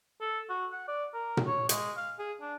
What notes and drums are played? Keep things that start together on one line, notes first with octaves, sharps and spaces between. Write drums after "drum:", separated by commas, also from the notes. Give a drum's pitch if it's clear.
A4
F#4
F#5
D5
A#4
drum: tom A#2
C#5
G#3, drum: hi-hat
F5
G#4
D4